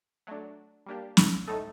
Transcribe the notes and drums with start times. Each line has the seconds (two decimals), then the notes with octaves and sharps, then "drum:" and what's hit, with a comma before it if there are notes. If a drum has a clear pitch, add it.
0.27 F#3 A3 D4
0.86 G3 A#3 D4 G4
1.17 drum: snare
1.47 A2 A3 D#4 A4